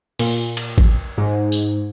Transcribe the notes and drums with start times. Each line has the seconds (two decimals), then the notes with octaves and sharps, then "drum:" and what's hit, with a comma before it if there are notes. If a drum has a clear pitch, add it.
0.19 A#2, drum: open hi-hat
0.57 drum: cymbal
0.78 drum: kick G#1
1.18 G#2
1.52 drum: tambourine